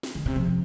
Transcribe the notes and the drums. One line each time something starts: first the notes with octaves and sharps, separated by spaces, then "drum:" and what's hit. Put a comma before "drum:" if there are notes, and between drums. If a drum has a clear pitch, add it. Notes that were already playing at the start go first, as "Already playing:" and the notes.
drum: snare
D3
C3
F3, drum: tom B2